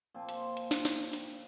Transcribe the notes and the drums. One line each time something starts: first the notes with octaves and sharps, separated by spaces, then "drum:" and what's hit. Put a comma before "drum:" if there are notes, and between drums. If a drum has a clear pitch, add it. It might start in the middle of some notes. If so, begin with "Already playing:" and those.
A#2 F3 C4
drum: hi-hat
drum: hi-hat
drum: snare
drum: snare
drum: hi-hat